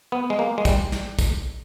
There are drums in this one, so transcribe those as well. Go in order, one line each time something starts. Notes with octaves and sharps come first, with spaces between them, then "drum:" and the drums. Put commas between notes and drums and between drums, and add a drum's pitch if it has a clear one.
B3
G#3
A#3
G#3
G3, drum: kick, tambourine
drum: snare
drum: kick, tambourine